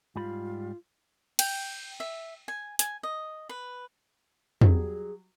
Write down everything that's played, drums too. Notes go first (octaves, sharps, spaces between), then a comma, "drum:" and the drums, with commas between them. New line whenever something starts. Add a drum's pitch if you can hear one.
G#2 G3 F4 B5
G5, drum: cymbal
E5
G#5
G#5, drum: hi-hat
D#5
B4
F#3 G3 G#4, drum: tom